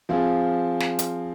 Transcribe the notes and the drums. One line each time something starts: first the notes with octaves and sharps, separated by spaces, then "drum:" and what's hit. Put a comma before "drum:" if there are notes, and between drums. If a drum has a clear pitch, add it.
F3 C4 F4 G#4
drum: snare
drum: hi-hat